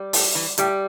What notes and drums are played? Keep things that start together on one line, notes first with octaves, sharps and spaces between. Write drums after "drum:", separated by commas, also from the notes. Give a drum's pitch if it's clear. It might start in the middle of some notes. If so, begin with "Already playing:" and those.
Already playing: G3
A2, drum: open hi-hat
E3
A2 G3, drum: hi-hat